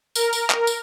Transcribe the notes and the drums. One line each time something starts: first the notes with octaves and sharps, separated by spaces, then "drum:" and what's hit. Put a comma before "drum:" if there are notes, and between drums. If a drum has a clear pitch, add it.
A#4, drum: tambourine
drum: tambourine
drum: clap
drum: tambourine